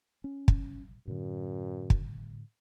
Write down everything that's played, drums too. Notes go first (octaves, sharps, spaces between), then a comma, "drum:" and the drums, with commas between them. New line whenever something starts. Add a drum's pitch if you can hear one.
C#4
drum: kick
F#2 A2 D3
drum: kick